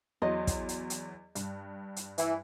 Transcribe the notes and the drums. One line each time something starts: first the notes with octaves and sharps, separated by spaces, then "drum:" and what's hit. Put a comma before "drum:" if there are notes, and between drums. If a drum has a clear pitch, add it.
E2 F#3 D#5 C6
drum: kick, hi-hat
drum: hi-hat
drum: hi-hat
G2, drum: hi-hat
drum: hi-hat
E3, drum: hi-hat